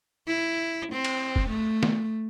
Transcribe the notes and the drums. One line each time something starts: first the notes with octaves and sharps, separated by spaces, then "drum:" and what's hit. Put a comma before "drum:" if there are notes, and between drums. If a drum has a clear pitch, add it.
E4
C4
drum: cymbal
drum: kick
A3
drum: snare